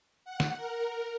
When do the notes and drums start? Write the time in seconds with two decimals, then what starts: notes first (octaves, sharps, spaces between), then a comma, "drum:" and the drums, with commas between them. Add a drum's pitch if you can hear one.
0.25 F#5
0.40 drum: snare
0.57 A#4